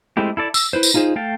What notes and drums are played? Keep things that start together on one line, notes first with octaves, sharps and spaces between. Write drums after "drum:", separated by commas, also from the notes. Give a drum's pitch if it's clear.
G#3 A3 C4 E4 G4
E4 A4 D5
E6, drum: tambourine
E4 B4 C5
drum: tambourine
D#4 F4 G#4 C5
A3 F5 G5 A5